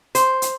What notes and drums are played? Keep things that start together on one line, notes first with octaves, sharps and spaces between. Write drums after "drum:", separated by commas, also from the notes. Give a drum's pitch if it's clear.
C5, drum: hi-hat
drum: hi-hat